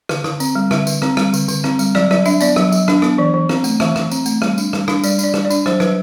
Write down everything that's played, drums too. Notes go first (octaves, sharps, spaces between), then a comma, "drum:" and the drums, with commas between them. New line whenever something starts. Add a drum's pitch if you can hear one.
D3, drum: rim click
D3, drum: rim click
C4, drum: tambourine
G3
D3 E5, drum: rim click
D3, drum: tambourine
C4, drum: rim click
G3, drum: rim click
D3, drum: tambourine
D3, drum: tambourine
C4, drum: rim click
G3, drum: tambourine
F#3 D5, drum: rim click
F#3 D5, drum: rim click
D4 E5, drum: tambourine
B3 D5, drum: tambourine
F#3, drum: rim click
F#3, drum: tambourine
D4, drum: rim click
B3, drum: rim click
E3 D5
E3
C4, drum: rim click
A3, drum: tambourine
E3 E5, drum: rim click
E3, drum: rim click
C4, drum: tambourine
A3, drum: tambourine
G3, drum: rim click
D4, drum: tambourine
G3, drum: rim click
D4, drum: rim click
G3 D5, drum: tambourine
D4 D5, drum: tambourine
G3, drum: rim click
D5
D4, drum: tambourine
F#3 C5, drum: rim click
F#3 B4, drum: rim click